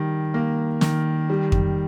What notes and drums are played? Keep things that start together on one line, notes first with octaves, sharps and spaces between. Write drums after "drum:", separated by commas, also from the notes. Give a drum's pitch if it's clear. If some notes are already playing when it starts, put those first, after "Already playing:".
Already playing: D#3 G3
A#3
D#3, drum: snare
G3
drum: kick F2